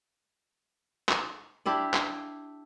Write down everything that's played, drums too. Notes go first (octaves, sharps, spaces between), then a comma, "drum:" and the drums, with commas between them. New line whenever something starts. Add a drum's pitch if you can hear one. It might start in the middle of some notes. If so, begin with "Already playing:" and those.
drum: clap
D4 E4 G4 D5
drum: clap